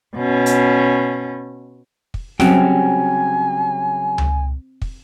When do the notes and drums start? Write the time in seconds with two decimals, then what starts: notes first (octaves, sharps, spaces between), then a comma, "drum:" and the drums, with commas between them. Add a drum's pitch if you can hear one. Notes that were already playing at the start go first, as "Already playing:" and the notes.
0.16 B2 C#4
0.46 drum: hi-hat
2.14 drum: kick
2.40 C#3 F#3 G3 C4 C#4 F#4 G4 G#5, drum: snare
4.18 drum: tom C#2
4.82 drum: kick